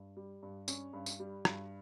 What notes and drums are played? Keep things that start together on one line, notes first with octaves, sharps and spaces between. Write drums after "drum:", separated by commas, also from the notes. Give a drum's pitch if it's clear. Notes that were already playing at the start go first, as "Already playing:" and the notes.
Already playing: G2
G3
G2
C#4, drum: tambourine
G2
drum: tambourine
G3
G2, drum: rim click